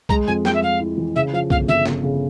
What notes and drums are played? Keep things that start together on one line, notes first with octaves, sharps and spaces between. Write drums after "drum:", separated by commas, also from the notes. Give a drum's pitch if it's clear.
G#3 A#5, drum: kick B1
F2 G#5
G#3 G5, drum: snare
E5
G#3 F5
E4
E3
C#3 E5
F3 F5
G1 F5, drum: kick B1
G1 E5
C#3, drum: snare
C#3